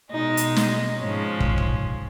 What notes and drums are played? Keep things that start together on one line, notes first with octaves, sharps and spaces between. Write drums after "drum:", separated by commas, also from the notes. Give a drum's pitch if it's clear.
B2 G#3 D#4
drum: hi-hat
drum: snare
G#2 F3 G#3 C#4
drum: kick
drum: kick